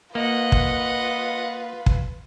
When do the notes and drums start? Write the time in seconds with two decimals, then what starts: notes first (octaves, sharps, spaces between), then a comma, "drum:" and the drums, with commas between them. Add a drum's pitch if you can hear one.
0.15 A#3 F4 B4 D#5 F#5
0.52 drum: kick
1.86 drum: kick